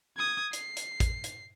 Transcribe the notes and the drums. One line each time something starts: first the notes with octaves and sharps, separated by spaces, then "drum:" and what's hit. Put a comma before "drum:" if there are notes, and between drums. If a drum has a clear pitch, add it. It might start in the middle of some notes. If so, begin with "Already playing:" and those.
D#6 G#6
C7, drum: hi-hat
drum: hi-hat
drum: kick, hi-hat
drum: hi-hat